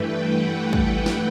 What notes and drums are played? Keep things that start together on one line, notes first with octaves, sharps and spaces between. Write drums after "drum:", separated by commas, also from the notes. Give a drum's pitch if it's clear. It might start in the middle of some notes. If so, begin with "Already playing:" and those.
Already playing: G2 E3 A3 B4 G5
F#5
drum: kick
drum: snare